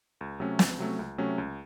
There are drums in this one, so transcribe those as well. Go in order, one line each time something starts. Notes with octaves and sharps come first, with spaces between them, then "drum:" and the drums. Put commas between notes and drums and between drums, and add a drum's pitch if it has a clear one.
C#2
C3 F#3 A3 C#4
C#2, drum: snare
C3 F#3 A3 C#4
C#2
C3 F#3 A3 C#4
C#2